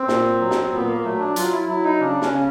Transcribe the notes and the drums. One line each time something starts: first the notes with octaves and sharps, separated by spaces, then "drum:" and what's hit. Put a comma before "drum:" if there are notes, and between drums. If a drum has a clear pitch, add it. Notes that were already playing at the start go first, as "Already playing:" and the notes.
Already playing: C4
A#2, drum: snare
F#3
drum: snare
A#2 B3
A#3
F#3 A3
D4
F#3 F4, drum: hi-hat
E4
F#3 E4
D#4
C#3 D4
C#4, drum: snare
C#3